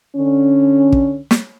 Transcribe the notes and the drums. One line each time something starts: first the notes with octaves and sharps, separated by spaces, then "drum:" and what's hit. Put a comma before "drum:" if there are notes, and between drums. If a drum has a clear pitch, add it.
D3 C#4
drum: kick
drum: snare